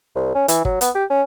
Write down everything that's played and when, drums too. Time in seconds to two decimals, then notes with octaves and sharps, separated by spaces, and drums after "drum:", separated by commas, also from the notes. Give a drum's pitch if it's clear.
0.16 C2
0.35 C#4
0.48 E3, drum: hi-hat
0.65 F#3, drum: kick
0.81 B3, drum: hi-hat
0.95 G4
1.10 C#4